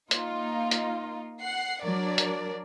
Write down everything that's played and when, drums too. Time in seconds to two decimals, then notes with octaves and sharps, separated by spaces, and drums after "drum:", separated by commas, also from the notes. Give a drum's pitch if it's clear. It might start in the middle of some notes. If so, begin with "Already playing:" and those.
0.11 A#3 D#4 F4, drum: hi-hat
0.71 drum: hi-hat
1.40 F#5 C7
1.84 F#3 D4 A#4 D5
2.18 drum: hi-hat